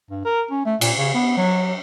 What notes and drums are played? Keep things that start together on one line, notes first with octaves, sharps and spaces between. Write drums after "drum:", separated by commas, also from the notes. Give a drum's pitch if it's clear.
G2
A#4
C#4
A3
A#2, drum: cymbal
C#3
B3
F#3